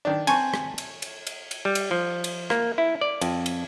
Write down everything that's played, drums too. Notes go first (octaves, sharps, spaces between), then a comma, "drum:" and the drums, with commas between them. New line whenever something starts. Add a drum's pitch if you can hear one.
D#3 D4
C4 G#5 A5 C#6, drum: cymbal
drum: rim click
drum: cymbal
drum: cymbal
drum: cymbal
drum: cymbal
G3
drum: cymbal
F3
drum: cymbal
A#3, drum: rim click
E4
D5
F2, drum: cymbal
drum: cymbal